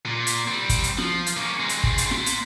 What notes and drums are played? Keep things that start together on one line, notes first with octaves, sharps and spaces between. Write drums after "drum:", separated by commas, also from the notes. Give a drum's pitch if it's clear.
A#2
drum: hi-hat
G3 C4
drum: kick, hi-hat
drum: hi-hat
F3, drum: snare
drum: hi-hat
A#3 C#4
G#3 C4
drum: hi-hat
drum: kick
drum: hi-hat
A#3 C6, drum: snare
drum: hi-hat